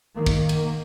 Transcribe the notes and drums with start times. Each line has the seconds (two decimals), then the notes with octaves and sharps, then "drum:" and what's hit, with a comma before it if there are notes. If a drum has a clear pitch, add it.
0.15 D#3 A#3
0.26 drum: kick
0.49 drum: cymbal